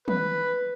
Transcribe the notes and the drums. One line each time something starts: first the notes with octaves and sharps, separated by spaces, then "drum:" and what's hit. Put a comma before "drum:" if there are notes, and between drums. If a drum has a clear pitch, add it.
B4, drum: tom